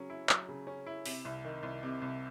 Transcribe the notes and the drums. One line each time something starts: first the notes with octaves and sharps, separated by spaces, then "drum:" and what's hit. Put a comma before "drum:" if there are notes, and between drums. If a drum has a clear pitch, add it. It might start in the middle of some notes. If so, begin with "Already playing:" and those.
Already playing: C#3 F#3 C#4
E4
F#3, drum: clap
C#3
C#4
E4
C3, drum: open hi-hat
C2
D#3
C2
C3
C2